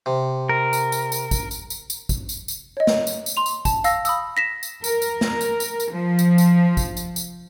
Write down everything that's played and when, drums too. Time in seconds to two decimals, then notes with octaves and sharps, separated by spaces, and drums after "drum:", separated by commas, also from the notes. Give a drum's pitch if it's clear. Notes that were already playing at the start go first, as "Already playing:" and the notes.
0.06 C3
0.49 A#4
0.73 drum: tambourine
0.92 drum: tambourine
1.12 drum: tambourine
1.31 drum: kick, tambourine
1.51 drum: tambourine
1.70 drum: tambourine
1.90 drum: tambourine
2.09 drum: kick, tambourine
2.29 drum: tambourine
2.48 drum: tambourine
2.77 C#5 D#5
2.87 drum: snare
3.07 drum: tambourine
3.26 drum: tambourine
3.37 C6 F7
3.46 drum: tambourine
3.65 A5, drum: kick, tambourine
3.84 F5 E6 A#6, drum: tambourine
4.05 B5 D#6 E6, drum: tambourine
4.37 A#6 B6 E7
4.63 drum: tambourine
4.84 A#4, drum: tambourine
5.02 drum: tambourine
5.21 drum: snare
5.41 drum: tambourine
5.60 drum: tambourine
5.80 drum: tambourine
5.92 F3
6.19 drum: tambourine
6.38 drum: tambourine
6.77 drum: kick, tambourine
6.97 drum: tambourine
7.16 drum: tambourine